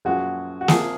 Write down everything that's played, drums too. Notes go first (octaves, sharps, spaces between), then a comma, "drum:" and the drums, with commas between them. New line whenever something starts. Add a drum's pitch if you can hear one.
F#2 F3 G#3 F#4
F#4
C3 F3 A#3 G#4, drum: snare